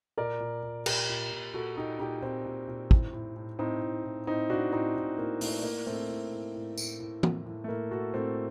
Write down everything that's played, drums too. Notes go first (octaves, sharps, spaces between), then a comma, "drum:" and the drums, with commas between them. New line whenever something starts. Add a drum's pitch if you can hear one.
A#2 A#4 D5
A#2
A#2
A#2 G4 A#4, drum: cymbal
A#2
A#2
A#2 F#4 A4
A#2 D#4 G4
A#2 D#4 G4
A#2 C4 D#4
A#2
A#2
A2, drum: kick
A2
A2
A2 C4 D#4
A2
A2
A2 C4 D#4
A2 D4 F#4
A2 C4 D#4
A2
A2 A#3
A2 A3, drum: open hi-hat
A2 A#3
A2 A3 C4
A2
A2
A2
A2, drum: tambourine
A2
A2, drum: tom
A2
A3
A2 A#3
A2 F#4 A4
A2 A3 C4